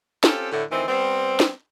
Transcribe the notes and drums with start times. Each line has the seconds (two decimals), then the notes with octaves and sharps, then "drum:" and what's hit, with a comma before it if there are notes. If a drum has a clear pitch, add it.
0.24 C4 C#4 F4 G4 A4, drum: snare
0.52 A2 D3
0.70 D2 D#3 E3 C4
0.88 G3 B3 C4
1.40 drum: snare